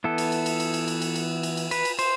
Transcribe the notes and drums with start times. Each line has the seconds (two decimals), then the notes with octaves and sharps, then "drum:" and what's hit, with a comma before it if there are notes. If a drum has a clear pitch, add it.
0.04 E3 B3 E4 A4
0.18 drum: cymbal
0.32 drum: cymbal
0.46 drum: cymbal
0.60 drum: cymbal
0.74 drum: cymbal
0.88 drum: cymbal
1.02 drum: cymbal
1.15 drum: cymbal
1.43 drum: cymbal
1.57 drum: cymbal
1.71 B4, drum: cymbal
1.85 drum: cymbal
1.99 C5, drum: cymbal